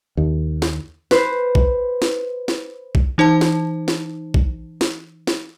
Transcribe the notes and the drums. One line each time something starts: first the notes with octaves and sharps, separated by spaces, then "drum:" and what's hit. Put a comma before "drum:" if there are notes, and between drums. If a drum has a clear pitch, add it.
D#2
drum: snare
B4 C5, drum: snare
drum: kick
drum: snare
drum: snare
drum: kick
E3 D#4 C5 A5
drum: snare
drum: snare
drum: kick
drum: snare
drum: snare